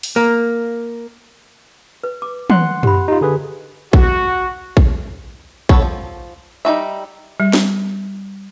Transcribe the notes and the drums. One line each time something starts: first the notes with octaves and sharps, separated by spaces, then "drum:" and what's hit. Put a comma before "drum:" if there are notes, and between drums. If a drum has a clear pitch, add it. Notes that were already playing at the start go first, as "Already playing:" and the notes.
drum: open hi-hat
A#3
B4
D6
F#5 C6 F#6, drum: tom
G4 B5, drum: tom
D#4 F4 G4
D3 G#4 B4
F#4, drum: kick
drum: kick
B3 A4 C#5, drum: kick
F3
G3 D#4 F#4 E5
G3
drum: snare